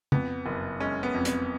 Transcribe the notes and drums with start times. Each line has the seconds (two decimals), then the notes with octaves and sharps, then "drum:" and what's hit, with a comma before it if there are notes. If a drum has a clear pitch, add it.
0.12 F2 B3, drum: tom
0.46 F#1
0.80 G#3 C#4
1.03 B3
1.14 F2
1.25 B3, drum: hi-hat